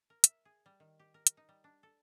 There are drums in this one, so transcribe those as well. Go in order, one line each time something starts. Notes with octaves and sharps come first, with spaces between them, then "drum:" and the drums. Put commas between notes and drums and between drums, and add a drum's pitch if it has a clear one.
A#4
E5, drum: hi-hat
G#4
G3
D#3
G4
A#4
drum: hi-hat
D#4
G3
D4
A4